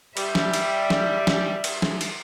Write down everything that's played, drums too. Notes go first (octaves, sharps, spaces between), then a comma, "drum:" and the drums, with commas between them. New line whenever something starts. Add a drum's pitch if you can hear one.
G3 E5, drum: cymbal
drum: snare
drum: cymbal
drum: snare
drum: snare
drum: cymbal
drum: snare
drum: cymbal